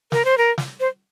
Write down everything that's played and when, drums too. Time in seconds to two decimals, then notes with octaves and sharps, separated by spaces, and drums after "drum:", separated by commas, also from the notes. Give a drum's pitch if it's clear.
0.12 A#4, drum: snare
0.25 C5
0.38 A#4
0.58 drum: snare
0.80 C5